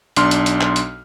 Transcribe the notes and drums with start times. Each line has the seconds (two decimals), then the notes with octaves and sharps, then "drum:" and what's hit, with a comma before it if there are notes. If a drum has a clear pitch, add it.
0.16 B1 D4 C6 F6, drum: hi-hat
0.31 drum: hi-hat
0.46 drum: hi-hat
0.61 drum: clap
0.76 drum: hi-hat